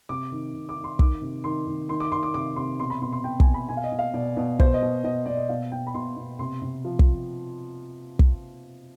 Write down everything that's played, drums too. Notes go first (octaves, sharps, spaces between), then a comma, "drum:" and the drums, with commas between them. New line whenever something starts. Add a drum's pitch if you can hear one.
C3 D6
D#3
C3
D6
D#3
C6
D#3 D6, drum: kick
C3
D#3 C6
D#3
D#3 C6
D6
D#3 C6
D6
C3 D6
C3 C6
B2 C6
B5
B2 C6
C6
B2 G5
G#5, drum: kick
B2
B5
B2 G#5
F5
D#5
B2
F5
B2 D5
B2
B2 C5, drum: kick
D#5
B2
B2 D#5
B2 D5
D#5
B2 F5
B2 G5
B5
B2 C6
B2
C3 C6
C3
F3
drum: kick
drum: kick